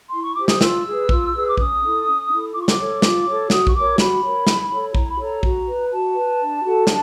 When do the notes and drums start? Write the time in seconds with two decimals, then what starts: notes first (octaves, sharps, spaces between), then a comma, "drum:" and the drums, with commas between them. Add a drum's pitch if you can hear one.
0.10 E4 C6
0.22 C#6
0.35 G4 C5 D6
0.48 D#6, drum: snare
0.61 F4 E6, drum: snare
0.85 G#4 B4
1.09 F4, drum: kick A#1
1.34 G#4 B4
1.48 D6
1.57 C#4 D#6, drum: kick A#1
1.82 E4 A4
2.06 C#4
2.30 E4 A4
2.54 F4 D6
2.61 C#6
2.68 D6, drum: snare
2.78 A4 C#5
3.02 F4, drum: snare
3.26 A4 C#5
3.50 F#4 D#6, drum: snare
3.67 C#6, drum: kick A#1
3.75 A#4 C#5 D6
3.98 F#4 B5, drum: snare
4.23 A#4 C#5
4.47 E4, drum: snare
4.71 A4 C#5
4.95 E4 A#5, drum: kick A#1
5.09 B5
5.19 A4 C#5 A#5
5.43 F#4, drum: kick A#1
5.67 B4
5.91 F#4 A5
6.15 B4
6.39 D4
6.63 F#4 A4
6.87 D4, drum: snare